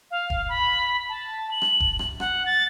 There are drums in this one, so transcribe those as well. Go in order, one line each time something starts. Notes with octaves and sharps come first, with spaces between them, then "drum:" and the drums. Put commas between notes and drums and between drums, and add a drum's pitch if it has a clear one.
F5
drum: kick E1
B5
A5
F#7
drum: rim click
drum: kick E1
drum: rim click
F#5, drum: rim click
A6